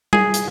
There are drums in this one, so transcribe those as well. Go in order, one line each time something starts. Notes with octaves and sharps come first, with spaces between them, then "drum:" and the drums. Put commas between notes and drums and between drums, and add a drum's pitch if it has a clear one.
G#4, drum: tom G3
drum: hi-hat